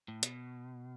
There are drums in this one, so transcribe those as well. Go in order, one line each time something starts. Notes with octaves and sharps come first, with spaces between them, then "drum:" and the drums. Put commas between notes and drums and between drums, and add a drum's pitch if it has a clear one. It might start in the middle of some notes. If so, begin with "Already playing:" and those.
A2
B2, drum: hi-hat